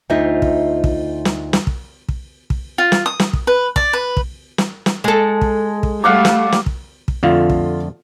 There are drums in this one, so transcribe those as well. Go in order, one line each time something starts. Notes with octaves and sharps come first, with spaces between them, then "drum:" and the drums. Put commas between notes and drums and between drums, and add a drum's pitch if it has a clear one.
D2 D#4 F4 C5 D#5 E5
drum: kick
drum: kick
drum: snare
drum: snare
drum: kick
drum: kick
drum: kick
F4
drum: snare
D#6
drum: snare
drum: kick
B4
D5, drum: kick
B4
drum: kick
drum: snare
drum: snare
G#3 A4
drum: kick
drum: kick
G3 A3 F5 F#5 D6
drum: snare
drum: snare
drum: kick
drum: kick
F2 D3 A3 F4
drum: kick